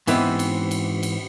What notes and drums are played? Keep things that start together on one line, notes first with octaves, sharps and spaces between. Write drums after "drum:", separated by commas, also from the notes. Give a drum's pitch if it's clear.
G#2 E3 B3 C4, drum: cymbal
drum: cymbal
drum: cymbal
drum: cymbal